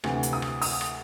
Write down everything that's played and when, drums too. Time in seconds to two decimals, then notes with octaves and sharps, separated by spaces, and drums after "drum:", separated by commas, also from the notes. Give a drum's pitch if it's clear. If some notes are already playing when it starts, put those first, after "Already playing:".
0.04 D2 C3 E3, drum: rim click
0.23 drum: hi-hat
0.33 D#6
0.42 drum: rim click
0.62 D#6, drum: open hi-hat
0.81 drum: rim click